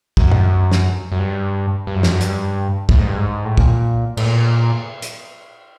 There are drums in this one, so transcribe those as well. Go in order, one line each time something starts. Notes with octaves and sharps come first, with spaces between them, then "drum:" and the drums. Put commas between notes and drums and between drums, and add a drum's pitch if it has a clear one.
F#2, drum: kick
drum: tom G#2
drum: snare
F#2
G2
G2
F#2
F2, drum: snare
F#2
G2, drum: hi-hat
A2, drum: kick
G#2
G2
G#2
A2
A#2, drum: kick
A2, drum: cymbal
A#2
drum: hi-hat